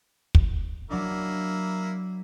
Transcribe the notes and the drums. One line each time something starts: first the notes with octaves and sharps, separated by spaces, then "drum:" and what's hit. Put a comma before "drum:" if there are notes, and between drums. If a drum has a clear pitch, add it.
drum: kick
F#3 A#3 D4 E4